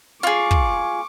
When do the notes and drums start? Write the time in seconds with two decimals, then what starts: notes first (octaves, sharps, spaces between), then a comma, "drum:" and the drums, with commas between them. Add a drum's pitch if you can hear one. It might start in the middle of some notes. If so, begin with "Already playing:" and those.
0.23 F4 G#4 C#6 D6
0.51 drum: kick